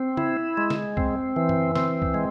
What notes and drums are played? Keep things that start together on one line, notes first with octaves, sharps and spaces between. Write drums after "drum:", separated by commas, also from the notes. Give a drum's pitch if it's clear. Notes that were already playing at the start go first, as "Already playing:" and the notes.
Already playing: C4
E4, drum: tom C#3
G#3
drum: snare
C4, drum: kick
E3
drum: tom
C4, drum: snare
drum: kick
G#3